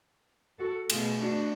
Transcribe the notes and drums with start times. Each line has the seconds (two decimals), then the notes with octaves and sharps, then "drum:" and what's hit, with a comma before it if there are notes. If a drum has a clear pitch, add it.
0.59 F#4 A4
0.90 B2 A3 F4 G#4, drum: cymbal
1.21 D4 F#4